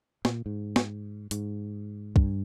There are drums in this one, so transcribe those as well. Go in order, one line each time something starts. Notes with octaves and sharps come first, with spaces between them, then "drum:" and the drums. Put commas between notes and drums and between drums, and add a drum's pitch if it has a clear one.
A#2, drum: snare
G#2
drum: snare
G#2, drum: hi-hat
G2, drum: kick